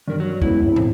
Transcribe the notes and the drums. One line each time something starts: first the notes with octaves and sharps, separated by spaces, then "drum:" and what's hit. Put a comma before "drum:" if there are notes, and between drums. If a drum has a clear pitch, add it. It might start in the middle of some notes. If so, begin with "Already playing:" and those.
G2 D#3 A#4
F#3
G#3 B3 C#4 E4, drum: kick
A2 C4
drum: tom